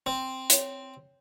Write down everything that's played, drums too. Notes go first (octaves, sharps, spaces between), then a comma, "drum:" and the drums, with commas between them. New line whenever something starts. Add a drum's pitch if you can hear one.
C4
C#5 F7, drum: hi-hat